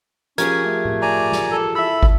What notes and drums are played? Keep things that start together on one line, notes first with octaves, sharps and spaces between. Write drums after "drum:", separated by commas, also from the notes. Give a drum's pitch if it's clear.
F3 C#4 G4 G#4 A#4 G#6, drum: hi-hat
A3
drum: tom A2
D5 G#5 A#5
drum: snare
A4
E4 A4 E5 B5 E6
drum: kick